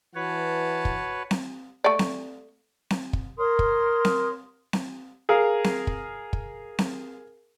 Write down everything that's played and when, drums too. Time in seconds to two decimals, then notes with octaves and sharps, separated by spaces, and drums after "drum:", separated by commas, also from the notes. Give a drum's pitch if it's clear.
0.15 E3 F#4 B4 C#5 A5
0.85 drum: kick
1.31 drum: snare C4
1.84 A3 D5
1.99 drum: snare C4
2.90 drum: snare C4
3.13 drum: kick
3.36 A#4 C#5 C6 D#6
3.59 drum: kick
4.05 drum: snare C4
4.73 drum: snare C4
5.29 G#4 A#4 F5
5.64 drum: snare C4
5.87 drum: kick
6.33 drum: kick
6.79 drum: snare C4